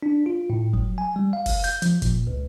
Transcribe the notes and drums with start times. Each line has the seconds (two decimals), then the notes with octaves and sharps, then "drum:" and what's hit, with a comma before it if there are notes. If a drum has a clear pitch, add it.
0.03 D4
0.26 F4
0.50 A2
0.73 F#3, drum: kick F1
0.98 G#5
1.16 G3
1.33 F5
1.46 drum: kick F1, open hi-hat
1.64 G6, drum: hi-hat
1.82 F3, drum: hi-hat
2.02 A#2, drum: kick F1, hi-hat
2.27 C#2